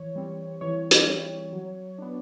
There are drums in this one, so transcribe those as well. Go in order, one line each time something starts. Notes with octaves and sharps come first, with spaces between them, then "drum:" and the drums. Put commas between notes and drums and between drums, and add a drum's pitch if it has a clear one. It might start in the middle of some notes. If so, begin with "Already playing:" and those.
Already playing: E3 C#5
G3 C4
E3 C#5
drum: hi-hat
G3 C4
F#3
B3 D4